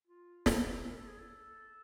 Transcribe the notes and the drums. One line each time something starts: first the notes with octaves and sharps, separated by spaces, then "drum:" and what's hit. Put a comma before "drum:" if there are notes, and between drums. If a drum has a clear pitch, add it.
F4
E4, drum: snare
A#4
A4
G#4
A4